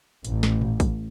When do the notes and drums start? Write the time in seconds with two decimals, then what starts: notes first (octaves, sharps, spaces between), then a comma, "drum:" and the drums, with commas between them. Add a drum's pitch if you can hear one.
0.25 A1, drum: hi-hat
0.43 drum: snare
0.61 drum: tom A2
0.80 drum: kick, hi-hat